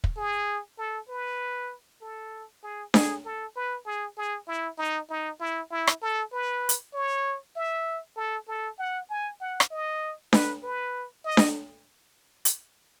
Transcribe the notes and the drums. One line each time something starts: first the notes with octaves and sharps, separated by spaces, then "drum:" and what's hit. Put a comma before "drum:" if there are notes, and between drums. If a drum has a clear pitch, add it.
drum: kick
G#4
A4
B4
A4
G#4
G#4, drum: snare D4
A4
B4
G#4
G#4
E4
D#4
D#4
E4
E4
drum: rim click
A4
B4
drum: hi-hat
C#5
E5
A4
A4
F#5
G#5
F#5
drum: rim click
D#5
B4, drum: snare D4
B4
D#5
drum: snare D4
drum: hi-hat